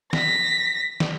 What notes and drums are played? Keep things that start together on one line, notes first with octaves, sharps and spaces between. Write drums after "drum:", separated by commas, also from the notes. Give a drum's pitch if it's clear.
A#6 B6, drum: snare
drum: snare